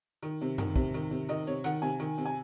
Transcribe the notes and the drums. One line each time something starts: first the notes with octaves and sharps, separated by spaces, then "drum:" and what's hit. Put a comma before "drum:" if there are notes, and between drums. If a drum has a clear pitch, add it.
D#3
C3
D#3, drum: tom F#2
C3, drum: kick
D#3
C3
D#3 D#5
C3 C#5
D#3 F#5, drum: hi-hat
C3 G#5
D#3
C3
G#5